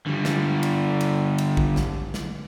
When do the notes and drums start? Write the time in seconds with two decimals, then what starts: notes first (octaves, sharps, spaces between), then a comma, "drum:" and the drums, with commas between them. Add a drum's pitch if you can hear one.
0.06 D3 G3
0.25 drum: snare
0.63 drum: cymbal
1.01 drum: cymbal
1.38 drum: cymbal
1.57 drum: kick A#1
1.76 drum: snare
2.14 drum: snare